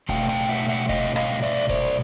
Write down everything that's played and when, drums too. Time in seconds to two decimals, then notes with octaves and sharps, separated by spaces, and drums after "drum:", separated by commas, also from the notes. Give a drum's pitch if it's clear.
0.09 B2 F#3 A3 F5 G5, drum: kick
0.29 F5 G5
0.49 E5 F#5
0.69 E5 F#5
0.89 D#5 F5, drum: kick
1.16 D#5 F5, drum: rim click
1.43 D5 E5
1.69 C5 D5, drum: kick